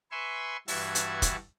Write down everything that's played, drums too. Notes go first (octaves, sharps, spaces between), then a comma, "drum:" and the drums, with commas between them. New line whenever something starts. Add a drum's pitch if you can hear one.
B4 E5 G#5 C6 C#6 E6
G2 E3 F#4 E5 A5 G#6, drum: open hi-hat
drum: hi-hat
drum: kick, hi-hat